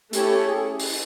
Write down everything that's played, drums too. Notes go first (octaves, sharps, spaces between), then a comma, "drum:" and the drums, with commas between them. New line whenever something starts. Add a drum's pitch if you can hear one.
A3 C#4 E4 G4 A4 C#5, drum: hi-hat
G#4
drum: open hi-hat